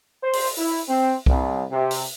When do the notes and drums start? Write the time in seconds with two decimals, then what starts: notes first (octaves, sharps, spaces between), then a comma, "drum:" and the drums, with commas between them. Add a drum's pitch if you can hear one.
0.22 C5
0.33 drum: open hi-hat
0.57 E4
0.89 C4
1.26 C2, drum: kick C2
1.71 C3
1.91 drum: open hi-hat